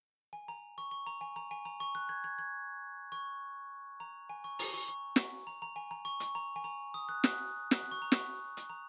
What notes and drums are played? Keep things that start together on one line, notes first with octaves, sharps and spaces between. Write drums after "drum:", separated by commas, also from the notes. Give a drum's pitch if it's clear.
G#5
A#5
C#6
C#6
A#5
G#5
A#5
G#5
A#5
C#6
F#6
G#6
G#6
G#6
C#6
A#5
G#5
C#6
A#5, drum: open hi-hat
C#6
C#6
drum: snare
A#5
A#5
G#5
A#5
C#6
C#6, drum: hi-hat
A#5
G#5
A#5
D#6
F#6
F#6, drum: snare
drum: snare
F#6
C#6
A#5
C#6, drum: snare
drum: hi-hat
A#5